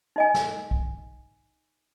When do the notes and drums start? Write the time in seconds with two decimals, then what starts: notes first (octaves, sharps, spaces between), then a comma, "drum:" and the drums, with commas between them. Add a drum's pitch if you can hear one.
0.16 D#4 D#5 G#5
0.34 drum: snare
0.71 drum: kick B1